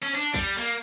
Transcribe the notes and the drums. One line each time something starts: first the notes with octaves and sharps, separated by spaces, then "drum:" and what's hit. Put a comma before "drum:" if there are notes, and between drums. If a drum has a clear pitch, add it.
C#4
D4
G3, drum: kick
A#3